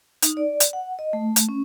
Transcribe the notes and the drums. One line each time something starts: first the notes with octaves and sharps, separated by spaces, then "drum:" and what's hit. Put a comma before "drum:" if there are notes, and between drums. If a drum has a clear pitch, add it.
D#4, drum: hi-hat
D5
drum: hi-hat
F#5
D#5
A3
drum: hi-hat
C#4